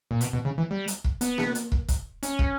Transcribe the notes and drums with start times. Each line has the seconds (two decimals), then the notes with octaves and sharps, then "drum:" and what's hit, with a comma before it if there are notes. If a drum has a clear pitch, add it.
0.11 A#2
0.21 B2, drum: hi-hat
0.33 B2
0.45 C#3
0.58 E3
0.71 G3
0.88 drum: hi-hat
1.04 drum: kick
1.21 B3, drum: hi-hat
1.38 drum: snare A#3
1.55 drum: hi-hat
1.72 drum: kick
1.88 drum: kick, hi-hat
2.23 C#4, drum: hi-hat
2.39 drum: kick